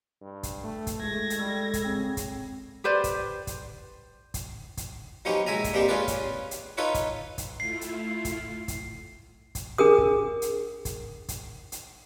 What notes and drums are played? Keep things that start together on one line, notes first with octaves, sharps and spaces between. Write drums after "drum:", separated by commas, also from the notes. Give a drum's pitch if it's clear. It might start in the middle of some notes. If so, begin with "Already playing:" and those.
G2
drum: kick, hi-hat
A3
drum: kick, hi-hat
G#3 A3 G#6 A#6
drum: hi-hat
G3 A4
drum: kick, hi-hat
C#3 C4
drum: kick, hi-hat
G4 B4 C5 D5
drum: kick, hi-hat
drum: kick, hi-hat
drum: kick, hi-hat
drum: kick, hi-hat
F3 F#3 B3 C#4 D#4 G4
A#1 G#3 E5 G#5 A#5
drum: kick, hi-hat
G3 G#3 A#3 C4 D4 G4
C#4 F4 G#4 B4 D5
drum: kick, hi-hat
drum: hi-hat
D#4 F4 A4 B4 C#5
drum: kick, hi-hat
drum: kick, hi-hat
A3 E4 F4 C7
drum: hi-hat
drum: kick, hi-hat
drum: kick, hi-hat
drum: kick, hi-hat
D4 G#4 A#4 D#6
drum: kick
drum: hi-hat
drum: kick, hi-hat
drum: kick, hi-hat
drum: hi-hat